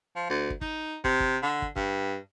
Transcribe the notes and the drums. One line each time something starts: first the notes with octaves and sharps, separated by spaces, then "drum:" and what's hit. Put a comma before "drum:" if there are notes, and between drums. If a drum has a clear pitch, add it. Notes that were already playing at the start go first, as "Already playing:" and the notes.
F3
D2
drum: kick
D#4, drum: kick
C3, drum: kick
drum: kick
D3
drum: kick
G2, drum: kick